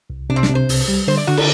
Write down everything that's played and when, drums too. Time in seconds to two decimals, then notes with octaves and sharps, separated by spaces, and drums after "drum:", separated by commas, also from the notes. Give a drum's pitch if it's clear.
0.10 C2
0.30 C3 D4
0.36 C4
0.43 D4, drum: snare
0.50 C3
0.55 C5
0.69 C2, drum: open hi-hat
0.88 G3
1.07 D3 C5
1.17 D5
1.27 D3 F#4
1.37 A4, drum: cymbal